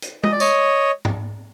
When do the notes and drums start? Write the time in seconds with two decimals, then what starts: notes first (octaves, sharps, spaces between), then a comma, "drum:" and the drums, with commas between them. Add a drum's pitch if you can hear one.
0.02 drum: hi-hat
0.24 D#5, drum: tom
0.32 D5
0.40 C#5 D#5, drum: tambourine
1.05 drum: tom